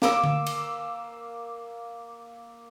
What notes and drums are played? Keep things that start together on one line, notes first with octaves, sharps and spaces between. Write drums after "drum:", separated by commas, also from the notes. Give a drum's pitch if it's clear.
A#3 D6 E6, drum: snare
drum: tom D3
drum: cymbal